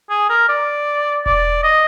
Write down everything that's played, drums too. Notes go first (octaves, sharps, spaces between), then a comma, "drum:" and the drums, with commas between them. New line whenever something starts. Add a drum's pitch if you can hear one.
G#4
A#4
D5
D5, drum: kick E1
D#5